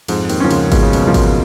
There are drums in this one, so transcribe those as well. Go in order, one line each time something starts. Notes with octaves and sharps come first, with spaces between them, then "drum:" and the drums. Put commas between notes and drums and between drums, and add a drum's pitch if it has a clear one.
F2 G#2 F3, drum: cymbal
D#2 D#3, drum: cymbal
F3 A#3 C#4
C#2 C#3, drum: cymbal
G#2 B2, drum: kick G#1, cymbal
C#3
B1 B2, drum: cymbal
F3 A#3 C#4
drum: kick G#1, cymbal